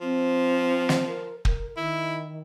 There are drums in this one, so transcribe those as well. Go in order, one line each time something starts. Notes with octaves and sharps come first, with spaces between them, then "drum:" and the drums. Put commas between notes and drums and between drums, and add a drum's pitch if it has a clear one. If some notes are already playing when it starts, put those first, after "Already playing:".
F3 C4
drum: snare
A#4
A#4, drum: kick
D#3 E4